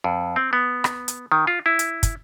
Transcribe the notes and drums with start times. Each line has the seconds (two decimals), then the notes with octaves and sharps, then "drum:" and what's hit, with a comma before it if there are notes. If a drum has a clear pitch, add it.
0.04 F2
0.36 C4
0.53 B3
0.84 drum: rim click
1.08 drum: hi-hat
1.32 D#3
1.47 F4
1.66 E4
1.79 drum: hi-hat
2.03 drum: kick, hi-hat